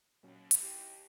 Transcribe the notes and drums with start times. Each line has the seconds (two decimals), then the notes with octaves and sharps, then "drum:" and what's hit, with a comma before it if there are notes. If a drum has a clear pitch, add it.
0.23 D#2 A#2 F#3 C#4
0.51 drum: hi-hat
0.63 E4 G4